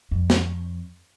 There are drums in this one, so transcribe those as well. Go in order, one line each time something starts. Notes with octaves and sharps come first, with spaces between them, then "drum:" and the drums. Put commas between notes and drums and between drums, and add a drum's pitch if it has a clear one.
F2
drum: snare